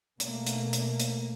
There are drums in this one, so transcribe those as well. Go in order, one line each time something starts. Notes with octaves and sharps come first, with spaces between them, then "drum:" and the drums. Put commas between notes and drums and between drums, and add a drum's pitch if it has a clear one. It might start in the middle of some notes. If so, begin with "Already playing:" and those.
B2 A3 A#3, drum: hi-hat
drum: hi-hat
drum: hi-hat
drum: hi-hat